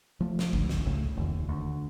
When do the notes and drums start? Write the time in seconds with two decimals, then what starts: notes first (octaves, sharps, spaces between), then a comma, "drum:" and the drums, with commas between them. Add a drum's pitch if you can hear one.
0.20 F3 A3
0.39 drum: snare
0.53 G#1 C#2 D3, drum: kick F1
0.69 drum: snare
0.85 G#1 C#2 C#3 A3
1.17 F1 D#2
1.49 D2